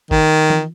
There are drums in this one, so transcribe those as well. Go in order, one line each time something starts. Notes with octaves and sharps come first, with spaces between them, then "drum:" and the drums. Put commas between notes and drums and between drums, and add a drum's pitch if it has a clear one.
D#3, drum: kick G1
drum: tom E3